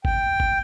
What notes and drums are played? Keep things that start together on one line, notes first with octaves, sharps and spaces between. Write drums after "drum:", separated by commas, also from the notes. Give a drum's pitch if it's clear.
G5, drum: kick G#1
drum: kick G#1